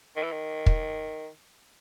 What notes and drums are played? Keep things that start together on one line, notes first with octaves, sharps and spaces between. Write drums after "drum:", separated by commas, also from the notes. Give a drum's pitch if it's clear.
D#3
E3
D#3
drum: kick